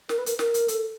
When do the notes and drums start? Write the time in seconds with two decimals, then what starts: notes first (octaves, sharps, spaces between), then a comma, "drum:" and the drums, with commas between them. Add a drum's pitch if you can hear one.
0.09 A#4, drum: snare
0.18 B4
0.26 A#4, drum: hi-hat
0.39 A#4, drum: snare
0.54 drum: hi-hat
0.68 A4, drum: hi-hat